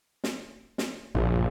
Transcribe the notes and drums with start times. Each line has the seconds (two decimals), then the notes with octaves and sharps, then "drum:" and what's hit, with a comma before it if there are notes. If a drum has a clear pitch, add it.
0.24 drum: snare
0.78 drum: snare
1.15 A#1, drum: tom